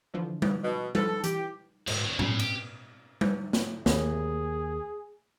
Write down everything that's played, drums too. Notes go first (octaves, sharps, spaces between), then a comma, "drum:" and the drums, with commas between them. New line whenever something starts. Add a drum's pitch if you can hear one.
D3 E3 F3
drum: tom G3
B2
F3 F4 A4 B4, drum: tom G3
E3 G4, drum: hi-hat
G#2 A3, drum: cymbal
D4 C#5
A2, drum: tom A2
G4, drum: cymbal
drum: tom G3
drum: snare
D#2 G#4, drum: snare